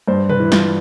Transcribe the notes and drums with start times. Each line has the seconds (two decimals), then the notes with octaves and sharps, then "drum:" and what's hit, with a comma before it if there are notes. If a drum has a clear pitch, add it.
0.08 G2 C5
0.29 B4, drum: tom
0.40 E3
0.52 F4, drum: snare